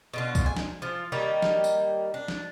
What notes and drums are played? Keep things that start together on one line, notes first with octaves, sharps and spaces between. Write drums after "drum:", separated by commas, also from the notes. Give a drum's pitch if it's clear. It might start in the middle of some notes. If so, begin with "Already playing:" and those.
B2 D3 F4
drum: kick B1, tambourine
G#5
drum: snare
F3 F4
D#3 G3 A#3 D#4
drum: snare
drum: tambourine
D4
drum: snare